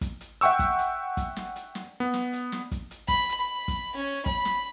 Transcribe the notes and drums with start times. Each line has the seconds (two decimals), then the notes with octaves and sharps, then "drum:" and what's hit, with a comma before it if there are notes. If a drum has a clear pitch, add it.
0.01 drum: kick, hi-hat
0.21 drum: hi-hat
0.41 E5 F#5 G5 C#6 E6, drum: hi-hat
0.59 drum: kick, hi-hat
0.79 drum: hi-hat
1.17 drum: kick, hi-hat
1.36 drum: snare
1.56 drum: hi-hat
1.75 drum: snare
2.00 B3
2.14 drum: snare
2.33 drum: hi-hat
2.52 drum: snare
2.72 drum: kick, hi-hat
2.91 drum: hi-hat
3.08 B5, drum: kick, hi-hat
3.29 drum: hi-hat
3.41 B5
3.68 drum: kick, hi-hat
3.96 C#4
4.26 B5, drum: kick, hi-hat
4.45 drum: snare